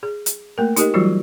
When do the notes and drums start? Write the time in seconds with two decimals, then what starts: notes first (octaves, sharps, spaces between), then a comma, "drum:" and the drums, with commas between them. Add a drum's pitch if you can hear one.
0.03 G#4
0.26 drum: hi-hat
0.58 A3 A#3 A#4
0.76 D#4 G4 A#4 D#5, drum: hi-hat
0.94 E3 F#3 G3 F4 F#4